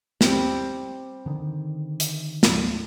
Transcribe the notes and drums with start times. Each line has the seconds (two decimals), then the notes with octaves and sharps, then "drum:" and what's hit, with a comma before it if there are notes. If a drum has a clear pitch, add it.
0.21 G3 C4, drum: snare
1.26 D3 D#3
2.00 drum: hi-hat
2.43 A2 F#3 A3, drum: snare